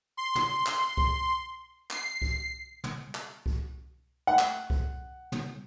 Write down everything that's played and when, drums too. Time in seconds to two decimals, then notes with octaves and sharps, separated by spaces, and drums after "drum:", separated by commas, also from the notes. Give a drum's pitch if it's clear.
0.17 C6
0.35 drum: tom
0.66 drum: clap
0.97 drum: kick C2
1.91 C7, drum: clap
2.22 drum: kick C2
2.84 drum: tom
3.15 drum: clap
3.46 drum: kick C2
4.27 F#5
4.39 drum: clap
4.70 drum: kick C2
5.32 drum: tom